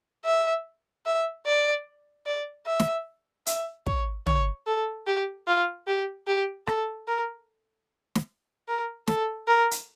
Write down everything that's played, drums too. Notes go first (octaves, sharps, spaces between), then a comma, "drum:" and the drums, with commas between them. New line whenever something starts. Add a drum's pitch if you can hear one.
E5
E5
D5
D5
E5
drum: snare
E5, drum: hi-hat
C#5, drum: kick
C#5, drum: tom
A4
G4
F4
G4
G4
A4, drum: rim click
A#4
drum: snare
A#4
A4, drum: snare
A#4
drum: hi-hat